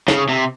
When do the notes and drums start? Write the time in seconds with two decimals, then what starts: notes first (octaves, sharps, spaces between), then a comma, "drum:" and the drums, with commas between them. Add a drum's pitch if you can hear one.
0.08 C#3, drum: snare
0.29 C3